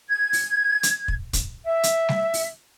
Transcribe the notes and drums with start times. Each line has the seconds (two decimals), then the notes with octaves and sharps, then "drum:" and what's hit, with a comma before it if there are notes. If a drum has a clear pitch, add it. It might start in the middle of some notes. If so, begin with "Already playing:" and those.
0.08 G#6
0.33 drum: open hi-hat
0.83 drum: hi-hat
1.08 drum: kick
1.33 drum: kick, hi-hat
1.66 E5
1.83 drum: hi-hat
2.09 drum: snare G3
2.34 drum: open hi-hat